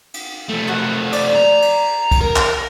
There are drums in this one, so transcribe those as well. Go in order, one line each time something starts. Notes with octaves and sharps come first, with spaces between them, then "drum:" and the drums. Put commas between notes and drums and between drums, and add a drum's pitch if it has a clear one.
drum: cymbal
F3 A3
D#3 F#3 F#5
D5, drum: cymbal
A#5
drum: cymbal
drum: kick, cymbal
A#4
drum: clap